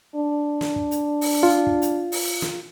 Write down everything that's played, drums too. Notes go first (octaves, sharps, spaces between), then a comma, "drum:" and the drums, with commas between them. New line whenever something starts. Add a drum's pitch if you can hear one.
D4
drum: snare
drum: kick
drum: hi-hat
drum: open hi-hat
F4
drum: kick
drum: hi-hat
drum: open hi-hat
drum: snare